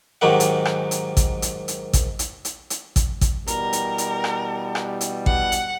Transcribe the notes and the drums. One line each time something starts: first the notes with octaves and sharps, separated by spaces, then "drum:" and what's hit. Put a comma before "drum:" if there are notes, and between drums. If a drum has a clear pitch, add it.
G#2 D#3 F#3 A#3 G4 F#5
drum: hi-hat
drum: rim click
drum: hi-hat
drum: kick, hi-hat
drum: hi-hat
drum: hi-hat
drum: kick, hi-hat
drum: hi-hat
drum: hi-hat
drum: hi-hat
drum: kick, hi-hat
drum: kick, hi-hat
B2 E3 G3 A#4, drum: hi-hat
drum: hi-hat
drum: hi-hat
drum: rim click
drum: rim click
drum: hi-hat
F#5, drum: kick
drum: hi-hat